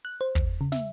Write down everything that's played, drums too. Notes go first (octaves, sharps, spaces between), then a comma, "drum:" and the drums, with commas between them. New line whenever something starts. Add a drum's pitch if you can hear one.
F#6
C5
E2, drum: kick
C#3
E5, drum: snare